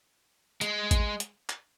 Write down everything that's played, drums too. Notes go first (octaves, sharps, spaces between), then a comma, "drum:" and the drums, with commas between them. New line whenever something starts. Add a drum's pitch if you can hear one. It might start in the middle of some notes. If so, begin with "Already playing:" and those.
G#3, drum: hi-hat
drum: kick A1, hi-hat
drum: hi-hat
drum: clap